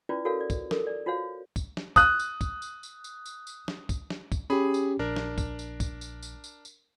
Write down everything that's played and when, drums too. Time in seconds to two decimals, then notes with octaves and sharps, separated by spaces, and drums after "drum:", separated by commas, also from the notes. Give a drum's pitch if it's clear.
0.09 C#4 E4 F4 B4 D5
0.25 F#4 A4 A#4 C#5 F5
0.41 D5
0.50 drum: kick, tambourine
0.71 A4 A#4, drum: snare
0.87 D5
1.06 F4 F#4 C5 C#5 F5
1.56 drum: kick, tambourine
1.77 drum: snare
1.96 D#6 F#6, drum: kick, tambourine
2.20 drum: tambourine
2.41 drum: kick, tambourine
2.62 drum: tambourine
2.83 drum: tambourine
3.04 drum: tambourine
3.26 drum: tambourine
3.47 drum: tambourine
3.68 drum: snare
3.89 drum: kick, tambourine
4.10 drum: snare
4.32 drum: kick, tambourine
4.50 C#4 G4 G#4 B5
4.74 drum: tambourine
4.99 A#1 D4 A#4
5.16 drum: snare
5.38 drum: kick, tambourine
5.59 drum: tambourine
5.80 drum: kick, tambourine
6.01 drum: tambourine
6.23 drum: tambourine
6.44 drum: tambourine
6.65 drum: tambourine